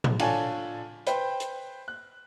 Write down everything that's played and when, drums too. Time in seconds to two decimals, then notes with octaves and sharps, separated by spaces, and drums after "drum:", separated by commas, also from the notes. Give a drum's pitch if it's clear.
0.04 drum: tom A2
0.19 D4 F4 A4 C#5 G#5, drum: cymbal
1.07 B4 C5 G5, drum: hi-hat
1.40 drum: hi-hat
1.88 F#6